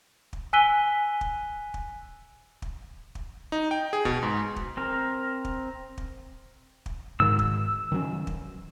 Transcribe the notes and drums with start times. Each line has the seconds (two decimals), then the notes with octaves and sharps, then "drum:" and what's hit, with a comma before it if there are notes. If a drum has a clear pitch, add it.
0.33 drum: kick
0.53 G#5 E6 F#6 B6 D#7 G7
1.21 drum: kick
1.74 drum: kick
2.62 drum: kick
3.15 drum: kick
3.52 D#4
3.71 G5
3.93 G#4
4.05 B2, drum: kick
4.23 G#2
4.56 drum: kick
4.77 C4 A#4
5.45 drum: kick
5.98 drum: kick
6.86 drum: kick
7.20 G#2 D#3 E6
7.39 drum: kick
7.92 D#3 F#3 C#4
8.27 drum: kick